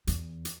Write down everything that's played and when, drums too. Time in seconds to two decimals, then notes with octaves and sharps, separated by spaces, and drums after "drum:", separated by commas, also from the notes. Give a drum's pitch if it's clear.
0.07 E2, drum: hi-hat
0.45 drum: hi-hat